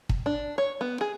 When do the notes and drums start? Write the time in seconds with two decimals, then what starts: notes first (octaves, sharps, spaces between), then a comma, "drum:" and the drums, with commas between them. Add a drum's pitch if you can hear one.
0.09 drum: kick
0.26 D4
0.58 C#5
0.81 B3
1.01 G#4